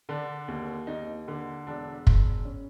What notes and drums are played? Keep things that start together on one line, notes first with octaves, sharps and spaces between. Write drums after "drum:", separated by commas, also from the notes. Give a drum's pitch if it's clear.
D3 D4
D#2
D#2 D#4
D3
E1 D4
E1, drum: kick
C#4